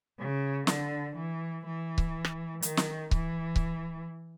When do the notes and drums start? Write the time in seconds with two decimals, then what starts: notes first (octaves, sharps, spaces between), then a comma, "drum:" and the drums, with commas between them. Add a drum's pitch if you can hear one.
0.18 C#3
0.67 D3, drum: snare
1.16 E3
1.65 E3
1.98 drum: kick C#1
2.25 drum: rim click
2.62 D#3, drum: hi-hat
2.77 drum: snare
3.11 E3, drum: kick C#1
3.56 drum: kick C#1